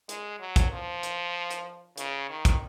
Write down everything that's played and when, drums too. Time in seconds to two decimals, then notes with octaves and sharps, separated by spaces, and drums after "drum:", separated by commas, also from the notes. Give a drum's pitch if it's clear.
0.09 G#3, drum: hi-hat
0.40 F#3
0.56 drum: kick, hi-hat
0.72 F3
1.03 drum: hi-hat
1.51 drum: hi-hat
1.97 C#3, drum: hi-hat
2.29 D#3
2.45 drum: kick, hi-hat